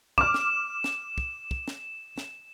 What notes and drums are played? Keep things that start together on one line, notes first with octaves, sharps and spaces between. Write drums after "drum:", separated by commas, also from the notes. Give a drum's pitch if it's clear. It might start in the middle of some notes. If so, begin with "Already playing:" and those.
D6 F6 E7, drum: kick
drum: snare
drum: snare
drum: kick
drum: kick
drum: snare
drum: snare